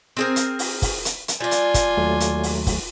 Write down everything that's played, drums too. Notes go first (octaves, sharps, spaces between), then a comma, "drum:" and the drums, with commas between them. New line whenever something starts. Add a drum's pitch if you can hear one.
C4 G#4 A#4
drum: hi-hat
drum: open hi-hat
drum: kick, open hi-hat
drum: hi-hat
drum: hi-hat
G3 D4 F4 G#5
drum: hi-hat
drum: kick, hi-hat
D#2 F#3 A3
drum: hi-hat
drum: open hi-hat
drum: kick, open hi-hat